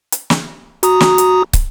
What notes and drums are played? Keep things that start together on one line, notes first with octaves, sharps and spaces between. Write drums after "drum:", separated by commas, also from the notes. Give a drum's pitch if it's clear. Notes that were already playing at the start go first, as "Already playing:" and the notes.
drum: hi-hat
drum: snare
F#4 A#5 D#6, drum: hi-hat
drum: snare
drum: hi-hat
drum: kick, hi-hat